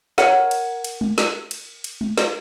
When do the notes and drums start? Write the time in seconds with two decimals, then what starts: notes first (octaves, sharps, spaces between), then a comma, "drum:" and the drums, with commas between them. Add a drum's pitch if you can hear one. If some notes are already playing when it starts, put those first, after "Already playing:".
0.18 A#4 C#5 F#5, drum: snare
0.51 drum: cymbal
0.84 drum: cymbal
1.01 drum: tom G#3
1.18 drum: snare
1.51 drum: cymbal
1.84 drum: cymbal
2.01 drum: tom G#3
2.18 drum: snare